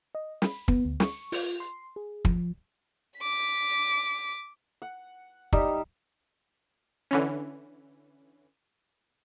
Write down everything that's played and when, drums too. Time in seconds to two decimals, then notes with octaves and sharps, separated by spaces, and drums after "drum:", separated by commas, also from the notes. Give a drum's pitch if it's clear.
0.15 D#5
0.42 B5, drum: snare
0.68 B3, drum: kick
0.85 D2
1.00 C#6, drum: snare
1.32 F4, drum: open hi-hat
1.60 C6
1.96 G#4
2.25 F3, drum: kick
3.20 D6 B6
4.82 F#5
5.53 G3 D#4 G4 E5, drum: kick
7.11 D3 E3 C#4